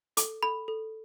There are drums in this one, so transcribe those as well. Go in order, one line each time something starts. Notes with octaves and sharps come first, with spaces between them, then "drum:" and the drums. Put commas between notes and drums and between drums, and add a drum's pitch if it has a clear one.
A4 D6, drum: hi-hat
A4 B5
A4